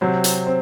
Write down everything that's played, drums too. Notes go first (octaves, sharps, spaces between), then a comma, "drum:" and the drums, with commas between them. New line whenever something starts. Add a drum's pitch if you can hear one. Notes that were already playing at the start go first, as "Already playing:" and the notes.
C3 F#3 C4
drum: hi-hat
C4